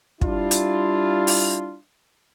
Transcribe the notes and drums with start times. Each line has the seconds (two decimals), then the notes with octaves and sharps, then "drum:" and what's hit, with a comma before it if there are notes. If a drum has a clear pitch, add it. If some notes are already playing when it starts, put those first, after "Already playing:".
0.21 G3 D4 E4 F4, drum: kick
0.51 drum: hi-hat
1.27 drum: open hi-hat